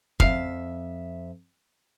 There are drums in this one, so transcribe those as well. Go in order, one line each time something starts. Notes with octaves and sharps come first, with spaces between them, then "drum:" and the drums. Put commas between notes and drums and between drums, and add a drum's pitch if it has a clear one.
F2 E5 F5, drum: kick